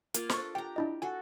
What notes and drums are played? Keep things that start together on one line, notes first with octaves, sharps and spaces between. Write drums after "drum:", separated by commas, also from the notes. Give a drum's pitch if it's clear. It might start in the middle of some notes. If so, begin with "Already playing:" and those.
A#3 F4 F5, drum: hi-hat
D4 A4 C5 C#6, drum: snare
G4 G5 A#5
D4 E4 D#5
F#4 A4 G#5